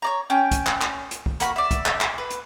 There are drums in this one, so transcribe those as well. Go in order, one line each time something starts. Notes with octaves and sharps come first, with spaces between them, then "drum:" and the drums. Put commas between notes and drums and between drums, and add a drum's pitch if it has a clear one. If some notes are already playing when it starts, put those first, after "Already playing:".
C#5 D5 A#5
C#4 G5
drum: kick, hi-hat
drum: clap
drum: clap
drum: hi-hat
drum: kick
A#3 F#4 B5, drum: hi-hat
D5 E5
drum: kick, hi-hat
drum: clap
drum: clap
B4
drum: hi-hat